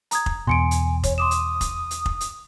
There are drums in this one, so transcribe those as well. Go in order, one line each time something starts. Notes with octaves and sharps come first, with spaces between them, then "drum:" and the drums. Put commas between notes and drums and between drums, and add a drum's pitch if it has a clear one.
A#5 D#6 G#6, drum: hi-hat
drum: kick F1
E2 B2 G#5 C6 C#7 D7
drum: hi-hat
C#5, drum: kick F1, hi-hat
C6 D6 D#6 E7
drum: hi-hat
drum: kick F1, hi-hat
drum: hi-hat
drum: kick F1
drum: hi-hat